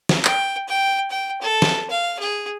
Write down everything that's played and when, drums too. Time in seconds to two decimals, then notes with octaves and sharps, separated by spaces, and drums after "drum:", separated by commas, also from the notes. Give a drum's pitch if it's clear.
0.09 drum: snare
0.25 G5, drum: clap
0.68 G5
1.10 G5
1.42 A4
1.62 drum: snare
1.90 F5
2.20 G#4